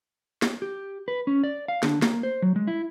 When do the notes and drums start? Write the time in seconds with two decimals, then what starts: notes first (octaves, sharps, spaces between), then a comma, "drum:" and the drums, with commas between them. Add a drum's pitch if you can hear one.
0.42 drum: snare
0.62 G4
1.08 B4
1.27 C#4
1.44 D5
1.68 F5
1.83 D3, drum: snare
2.02 A#3, drum: snare
2.23 C5
2.42 F#3
2.56 G#3
2.67 E4